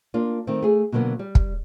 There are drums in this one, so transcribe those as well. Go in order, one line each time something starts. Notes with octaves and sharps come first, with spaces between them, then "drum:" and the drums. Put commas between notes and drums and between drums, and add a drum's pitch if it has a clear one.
A#3 D4 F4
D#3 A3 C4
A3 G#4
B2 D3 F#3 A#3 B3
G3
drum: kick